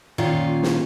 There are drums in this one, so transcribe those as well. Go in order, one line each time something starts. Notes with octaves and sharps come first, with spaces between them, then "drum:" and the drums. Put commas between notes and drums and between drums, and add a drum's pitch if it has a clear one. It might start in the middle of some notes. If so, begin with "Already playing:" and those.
A#2 D#3 C#4 F4
drum: snare